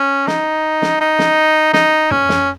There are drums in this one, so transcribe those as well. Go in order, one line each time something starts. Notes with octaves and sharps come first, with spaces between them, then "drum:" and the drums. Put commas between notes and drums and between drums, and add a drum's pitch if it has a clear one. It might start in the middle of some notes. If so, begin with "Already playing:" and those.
Already playing: C#4
D#4, drum: snare
drum: snare
D#4
drum: snare
D#4, drum: snare
C#4, drum: tom
drum: snare